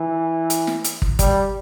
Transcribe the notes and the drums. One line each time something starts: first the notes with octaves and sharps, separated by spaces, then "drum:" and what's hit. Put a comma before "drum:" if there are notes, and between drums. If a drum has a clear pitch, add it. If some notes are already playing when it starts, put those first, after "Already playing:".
Already playing: E3
drum: hi-hat
drum: snare
drum: hi-hat
drum: kick
G3, drum: kick, hi-hat